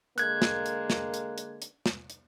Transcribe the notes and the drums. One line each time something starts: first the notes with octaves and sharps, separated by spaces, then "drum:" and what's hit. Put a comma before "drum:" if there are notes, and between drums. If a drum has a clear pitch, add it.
D3 G#3 A#3 F#6 G#6, drum: hi-hat
drum: snare
drum: hi-hat
drum: snare
drum: hi-hat
drum: hi-hat
drum: hi-hat
drum: snare
drum: hi-hat